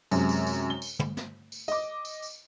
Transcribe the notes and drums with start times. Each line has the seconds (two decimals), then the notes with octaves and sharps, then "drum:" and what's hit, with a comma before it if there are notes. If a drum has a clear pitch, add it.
0.11 F#2 C3 G#3, drum: tambourine
0.29 drum: tambourine
0.47 drum: tambourine
0.70 G7
0.82 drum: tambourine
0.99 drum: tom
1.17 drum: snare
1.52 drum: tambourine
1.68 D#5 D6, drum: tambourine
2.05 drum: tambourine
2.22 drum: tambourine